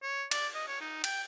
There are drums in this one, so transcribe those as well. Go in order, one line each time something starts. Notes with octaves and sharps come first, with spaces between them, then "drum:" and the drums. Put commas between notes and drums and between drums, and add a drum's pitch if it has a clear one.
C#5
D5, drum: cymbal
D#5
C#5
D#4
G5, drum: cymbal